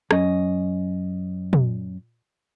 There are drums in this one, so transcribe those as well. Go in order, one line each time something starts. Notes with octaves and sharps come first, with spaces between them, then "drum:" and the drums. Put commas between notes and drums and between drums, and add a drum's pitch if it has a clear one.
F#2 C#4 D#5, drum: rim click
drum: tom